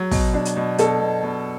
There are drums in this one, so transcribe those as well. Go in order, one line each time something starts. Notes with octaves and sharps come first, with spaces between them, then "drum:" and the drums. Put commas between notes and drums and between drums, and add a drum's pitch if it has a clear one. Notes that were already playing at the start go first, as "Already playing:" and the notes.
Already playing: F#3
B2, drum: kick, open hi-hat
D4
drum: hi-hat
B2
B2 A4, drum: hi-hat
B2
B2